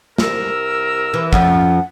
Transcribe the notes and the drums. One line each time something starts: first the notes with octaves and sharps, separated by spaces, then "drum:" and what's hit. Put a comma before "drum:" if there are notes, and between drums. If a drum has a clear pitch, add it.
C2 A#4 E6, drum: snare
E3
F2 F3 C#4 F#5, drum: kick